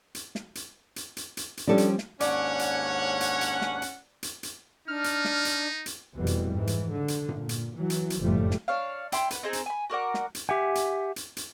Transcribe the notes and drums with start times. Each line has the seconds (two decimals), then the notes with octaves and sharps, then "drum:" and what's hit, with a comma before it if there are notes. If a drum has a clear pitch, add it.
0.15 drum: hi-hat
0.35 drum: snare
0.55 drum: hi-hat
0.96 drum: hi-hat
1.17 drum: hi-hat
1.37 drum: hi-hat
1.57 drum: hi-hat
1.67 F3 G3 C#4 D4 A4
1.78 drum: hi-hat
1.98 drum: snare
2.20 D#2 G#2 C#4 D4 C#5 D5 F#5, drum: hi-hat
2.59 drum: hi-hat
3.21 drum: hi-hat
3.41 drum: hi-hat
3.61 drum: snare
3.82 drum: hi-hat
4.23 drum: hi-hat
4.43 drum: hi-hat
4.88 D4 D#4 F6
5.04 drum: hi-hat
5.25 drum: snare
5.45 drum: hi-hat
5.86 drum: hi-hat
6.15 F1 F2 B2 E3 G3
6.27 drum: hi-hat
6.53 G#2 E3
6.67 drum: hi-hat
6.91 D3
7.08 drum: hi-hat
7.29 drum: tom G2
7.39 A#2
7.49 drum: hi-hat
7.77 E3 F#3
7.90 drum: hi-hat
8.10 drum: hi-hat
8.19 F#1 F2 A2 F3 G3 A3
8.51 drum: snare
8.68 D4 C#5 F5
9.12 E4 G5 C6, drum: hi-hat
9.31 B4 F#5, drum: hi-hat
9.43 C4 D#4 G#4 C5
9.53 drum: hi-hat
9.66 G#5 B5
9.90 F#4 A#4 D5 F#5
10.14 drum: snare
10.35 drum: hi-hat
10.49 G4 E5 F#5 G#5
10.75 drum: hi-hat
11.16 drum: hi-hat
11.37 drum: hi-hat